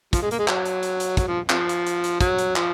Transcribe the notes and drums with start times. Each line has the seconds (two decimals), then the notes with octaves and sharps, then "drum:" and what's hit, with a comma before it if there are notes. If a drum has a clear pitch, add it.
0.13 F3, drum: kick, hi-hat
0.22 G#3
0.31 A#3, drum: hi-hat
0.39 G#3
0.48 F#3, drum: clap
0.65 drum: hi-hat
0.83 drum: hi-hat
1.00 drum: hi-hat
1.17 F#3, drum: kick, hi-hat
1.28 F3
1.50 C3 F3, drum: clap
1.69 drum: hi-hat
1.87 drum: hi-hat
2.04 drum: hi-hat
2.21 F#3, drum: kick, hi-hat
2.38 drum: hi-hat
2.56 F3, drum: clap